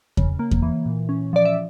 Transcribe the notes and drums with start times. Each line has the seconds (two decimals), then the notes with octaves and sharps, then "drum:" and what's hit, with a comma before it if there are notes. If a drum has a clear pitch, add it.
0.17 C#3, drum: kick E2
0.39 A#3
0.51 drum: kick E2
0.62 E3
0.86 A#2
1.09 C#4
1.33 F3 D5
1.45 E5